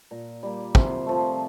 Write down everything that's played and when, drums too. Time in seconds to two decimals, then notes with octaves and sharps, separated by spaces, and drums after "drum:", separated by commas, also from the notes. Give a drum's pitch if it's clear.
0.11 A#2 A#5
0.43 G3 A#3
0.75 C3 C6, drum: kick
1.06 F3 A3